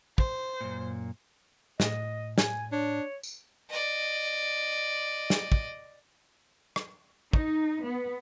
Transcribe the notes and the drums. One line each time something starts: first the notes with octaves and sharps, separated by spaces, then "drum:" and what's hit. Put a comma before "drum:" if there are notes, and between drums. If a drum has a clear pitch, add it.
C5, drum: kick
F#2 A#2
A2 D#5, drum: snare
G#5, drum: snare
D4 C#5
drum: tambourine
D5 D#5
drum: snare
drum: kick
drum: rim click
D#4, drum: kick
B3